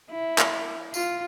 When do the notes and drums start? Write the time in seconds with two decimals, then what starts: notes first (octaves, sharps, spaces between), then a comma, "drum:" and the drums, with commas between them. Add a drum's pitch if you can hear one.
0.11 E4
0.38 drum: clap
0.94 F4, drum: tambourine